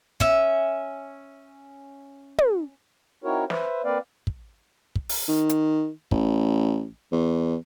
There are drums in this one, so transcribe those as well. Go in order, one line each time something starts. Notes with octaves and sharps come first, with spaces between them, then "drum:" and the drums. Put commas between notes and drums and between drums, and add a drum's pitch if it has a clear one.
C#4 E5, drum: kick
drum: tom
C4 D#4 E4 F#4 A#4 C#5
B4 C5 E5, drum: snare
A#3 C4 B4 D5 F5
drum: kick
drum: kick
drum: open hi-hat
D#3
drum: hi-hat
A1, drum: kick
E2